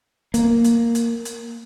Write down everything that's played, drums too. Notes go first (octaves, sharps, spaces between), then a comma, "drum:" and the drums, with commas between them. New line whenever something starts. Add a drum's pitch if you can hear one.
A#3, drum: hi-hat
drum: hi-hat
drum: hi-hat
drum: hi-hat